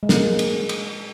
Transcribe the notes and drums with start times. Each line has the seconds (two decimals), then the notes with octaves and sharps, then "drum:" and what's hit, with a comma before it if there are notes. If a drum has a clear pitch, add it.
0.03 G#3
0.09 A#3, drum: snare
0.39 drum: cymbal
0.69 drum: cymbal